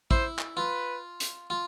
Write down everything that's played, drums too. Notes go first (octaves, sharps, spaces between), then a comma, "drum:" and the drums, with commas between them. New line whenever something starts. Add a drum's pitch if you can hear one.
E4 C5, drum: kick
drum: clap
F4 B4
drum: hi-hat
F4